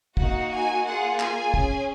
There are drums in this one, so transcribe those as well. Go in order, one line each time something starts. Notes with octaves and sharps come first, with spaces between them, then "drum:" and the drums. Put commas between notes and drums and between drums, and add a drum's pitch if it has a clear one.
A#3 D#4 F#4 F#5, drum: kick
G#5
A#3 F4 G#4 F#5
G#5, drum: clap
C#4 G#4, drum: kick